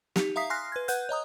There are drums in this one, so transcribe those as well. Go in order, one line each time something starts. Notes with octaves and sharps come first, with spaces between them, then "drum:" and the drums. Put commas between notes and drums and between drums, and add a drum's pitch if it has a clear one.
D#4 G4, drum: snare
E5 F5 A#5 D#6 B6 C7
G#5 C6 F6 F#6 A#6 C7
B4 G#6
B4 F#5 F#6 G6, drum: hi-hat
C#5 D#5 A#5 D#6